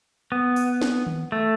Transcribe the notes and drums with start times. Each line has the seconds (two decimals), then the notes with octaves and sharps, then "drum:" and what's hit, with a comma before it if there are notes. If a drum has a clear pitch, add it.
0.32 B3
0.56 drum: open hi-hat
0.81 drum: snare
1.07 drum: tom D#3
1.32 A3